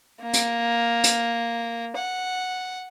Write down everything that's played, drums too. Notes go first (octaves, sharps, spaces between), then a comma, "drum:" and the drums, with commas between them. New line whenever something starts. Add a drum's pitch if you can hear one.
A#3
drum: hi-hat
drum: hi-hat
F#5